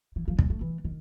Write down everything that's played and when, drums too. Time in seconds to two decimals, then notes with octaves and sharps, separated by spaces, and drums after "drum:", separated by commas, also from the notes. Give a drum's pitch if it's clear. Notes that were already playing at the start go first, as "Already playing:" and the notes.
0.16 E3
0.28 F3
0.39 F#3, drum: kick
0.50 A3
0.61 E3
0.85 D#3